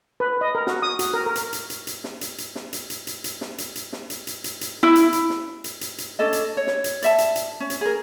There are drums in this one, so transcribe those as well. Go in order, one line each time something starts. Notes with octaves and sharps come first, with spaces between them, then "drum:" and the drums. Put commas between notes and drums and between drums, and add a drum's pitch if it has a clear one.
B4
D#5
A#4
F#4, drum: snare
D#6
F#4, drum: hi-hat
A#4
A#4
drum: hi-hat
drum: hi-hat
drum: hi-hat
drum: hi-hat
drum: snare
drum: hi-hat
drum: hi-hat
drum: snare
drum: hi-hat
drum: hi-hat
drum: hi-hat
drum: hi-hat
drum: snare
drum: hi-hat
drum: hi-hat
drum: snare
drum: hi-hat
drum: hi-hat
drum: hi-hat
drum: hi-hat
E4
drum: hi-hat
drum: hi-hat
drum: snare
drum: hi-hat
drum: hi-hat
drum: hi-hat
C#4 D4 A4 D#5
drum: hi-hat
C#5
drum: snare
drum: hi-hat
D5 E5 A5, drum: hi-hat
drum: hi-hat
drum: hi-hat
C#4
drum: hi-hat
G#4 A#4